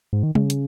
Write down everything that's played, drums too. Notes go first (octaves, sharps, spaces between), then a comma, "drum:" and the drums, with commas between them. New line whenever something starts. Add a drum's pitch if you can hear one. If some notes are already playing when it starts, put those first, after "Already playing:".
G#2
D#3
C#3, drum: tom G3
drum: hi-hat